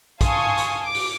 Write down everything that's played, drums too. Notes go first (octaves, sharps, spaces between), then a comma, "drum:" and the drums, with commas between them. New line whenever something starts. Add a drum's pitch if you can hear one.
F5 G#5 A5 C6 C#6 D#6, drum: kick, hi-hat
drum: hi-hat
D6
drum: open hi-hat